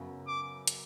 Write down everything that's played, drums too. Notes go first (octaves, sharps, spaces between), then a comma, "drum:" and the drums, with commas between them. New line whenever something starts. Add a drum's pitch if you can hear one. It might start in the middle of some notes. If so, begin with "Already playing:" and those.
Already playing: F#2 C#3 F#3 B3
D6
drum: hi-hat